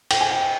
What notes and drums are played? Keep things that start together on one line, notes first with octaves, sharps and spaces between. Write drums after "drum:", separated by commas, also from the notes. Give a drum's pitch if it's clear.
G5, drum: cymbal
G#5
G5